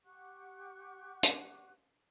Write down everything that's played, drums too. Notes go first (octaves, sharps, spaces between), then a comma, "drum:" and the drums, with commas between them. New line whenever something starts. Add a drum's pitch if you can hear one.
G4 F#5 C#6 F#6
drum: hi-hat